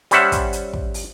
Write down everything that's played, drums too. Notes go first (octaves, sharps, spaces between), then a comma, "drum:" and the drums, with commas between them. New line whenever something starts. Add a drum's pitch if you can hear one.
G3 C#4 C5 E5 F#5, drum: hi-hat
drum: kick, hi-hat
drum: hi-hat
drum: kick
drum: open hi-hat